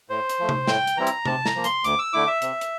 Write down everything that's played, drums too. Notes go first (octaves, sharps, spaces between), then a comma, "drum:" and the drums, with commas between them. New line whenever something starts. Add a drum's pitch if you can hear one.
A2 C5
drum: hi-hat
F3 A3
drum: tom C3
A2 G5, drum: snare
drum: hi-hat
E3 G3 C4 E4 A#5
drum: hi-hat
C3 A5, drum: tom C3
A#5, drum: snare
F3 A#3
C6, drum: hi-hat
D2 D6, drum: hi-hat
E6
D3 A3 E4 D6
E5
C3, drum: hi-hat
drum: hi-hat